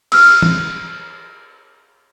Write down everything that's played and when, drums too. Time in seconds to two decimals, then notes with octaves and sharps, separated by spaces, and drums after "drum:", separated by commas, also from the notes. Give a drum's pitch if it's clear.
0.12 E6 F6, drum: cymbal
0.42 drum: tom